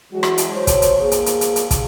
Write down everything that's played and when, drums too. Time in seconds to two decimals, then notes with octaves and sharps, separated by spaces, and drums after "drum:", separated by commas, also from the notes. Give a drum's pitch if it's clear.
0.12 E3 F#3 G#3 F#4
0.23 drum: rim click
0.38 drum: hi-hat
0.52 C5 C#5
0.67 drum: kick, hi-hat
0.82 drum: hi-hat
0.99 A#3 G#4
1.11 drum: hi-hat
1.26 drum: hi-hat
1.41 drum: hi-hat
1.56 drum: hi-hat
1.71 drum: kick, hi-hat